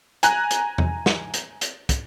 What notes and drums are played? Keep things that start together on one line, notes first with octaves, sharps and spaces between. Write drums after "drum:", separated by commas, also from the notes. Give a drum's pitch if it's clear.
G#5 A#5 F#6, drum: hi-hat
drum: hi-hat
drum: tom E2
drum: snare
drum: hi-hat
drum: hi-hat
drum: kick, hi-hat